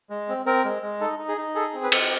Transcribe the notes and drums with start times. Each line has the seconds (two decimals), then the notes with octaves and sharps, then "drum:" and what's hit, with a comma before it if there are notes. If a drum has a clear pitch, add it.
0.10 G#3
0.29 C4
0.46 C4 A#4
0.65 G#3
0.82 G#3
1.00 D#4 A4
1.19 D#4
1.29 G#4
1.37 D#4
1.55 G#4 A4
1.74 C4
1.83 B4
1.92 C4, drum: cymbal